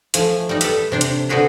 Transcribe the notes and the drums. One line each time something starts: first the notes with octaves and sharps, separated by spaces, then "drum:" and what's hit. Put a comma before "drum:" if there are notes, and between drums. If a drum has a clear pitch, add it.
F3 A3 G#5, drum: hi-hat
G3 D#4
A4 B4, drum: hi-hat
C3 D4 C5
drum: hi-hat
D3 C4 F#4 G#4 B4